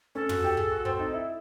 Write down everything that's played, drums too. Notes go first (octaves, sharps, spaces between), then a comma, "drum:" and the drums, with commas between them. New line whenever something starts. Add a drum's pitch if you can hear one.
C#4 A4
F#4, drum: tom
G4
G#4, drum: kick
F#4
C4, drum: kick
D#4
E4